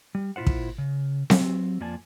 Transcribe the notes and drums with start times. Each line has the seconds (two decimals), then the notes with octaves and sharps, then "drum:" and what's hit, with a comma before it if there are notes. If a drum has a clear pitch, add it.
0.15 G3
0.36 A#2 E4 F4 C5 F#5
0.47 drum: kick
0.78 C#3
1.30 F#3 C4, drum: snare C4
1.80 F2 F3 A#3 D5 G#5 A5